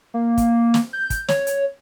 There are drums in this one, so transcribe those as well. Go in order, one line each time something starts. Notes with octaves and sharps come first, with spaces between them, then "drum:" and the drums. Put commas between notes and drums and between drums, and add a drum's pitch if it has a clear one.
A#3
drum: kick, hi-hat
drum: snare
G6
drum: kick, hi-hat
C#5, drum: snare
drum: hi-hat